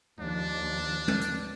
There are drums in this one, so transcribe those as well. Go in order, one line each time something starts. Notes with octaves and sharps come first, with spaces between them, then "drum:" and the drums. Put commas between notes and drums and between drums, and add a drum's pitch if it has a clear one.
D#2 F3 D4
drum: tom
drum: hi-hat